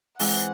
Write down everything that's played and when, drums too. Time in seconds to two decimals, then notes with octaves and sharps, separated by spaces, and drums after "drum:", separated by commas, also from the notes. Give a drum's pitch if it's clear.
0.19 E3 G#3 C4 E4 F#5, drum: open hi-hat